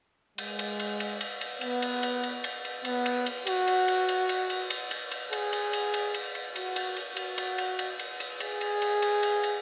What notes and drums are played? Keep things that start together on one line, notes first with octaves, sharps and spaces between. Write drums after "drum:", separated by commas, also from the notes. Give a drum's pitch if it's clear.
G#3, drum: cymbal
drum: cymbal
drum: cymbal
drum: cymbal
drum: cymbal
drum: cymbal
B3, drum: cymbal
drum: cymbal
drum: cymbal
drum: cymbal
drum: cymbal
drum: cymbal
B3, drum: cymbal
drum: cymbal
drum: cymbal
F#4, drum: cymbal
drum: cymbal
drum: cymbal
drum: cymbal
drum: cymbal
drum: cymbal
drum: cymbal
drum: cymbal
drum: cymbal
G#4, drum: cymbal
drum: cymbal
drum: cymbal
drum: cymbal
drum: cymbal
drum: cymbal
F#4, drum: cymbal
drum: cymbal
drum: cymbal
F#4, drum: cymbal
drum: cymbal
drum: cymbal
drum: cymbal
drum: cymbal
drum: cymbal
G#4, drum: cymbal
drum: cymbal
drum: cymbal
drum: cymbal
drum: cymbal
drum: cymbal